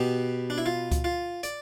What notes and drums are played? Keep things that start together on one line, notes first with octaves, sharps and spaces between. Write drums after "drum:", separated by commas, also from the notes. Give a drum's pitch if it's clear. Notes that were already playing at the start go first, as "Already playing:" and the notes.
Already playing: B2 B3 G4
D4
E4
F4
drum: kick C#2, hi-hat
F4
D5, drum: hi-hat